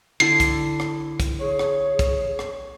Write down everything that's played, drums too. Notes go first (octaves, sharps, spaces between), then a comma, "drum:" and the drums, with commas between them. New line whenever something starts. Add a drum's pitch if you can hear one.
D3 E4 C7
drum: kick, hi-hat
drum: rim click
drum: kick, hi-hat
G#4 C#5
drum: rim click
drum: kick, hi-hat
drum: rim click